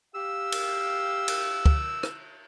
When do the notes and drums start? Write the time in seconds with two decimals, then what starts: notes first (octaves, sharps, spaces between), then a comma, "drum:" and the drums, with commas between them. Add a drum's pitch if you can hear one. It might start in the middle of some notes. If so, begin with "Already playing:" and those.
0.15 G4 F5 E6
0.52 drum: cymbal
1.28 drum: cymbal
1.66 drum: kick
2.03 drum: rim click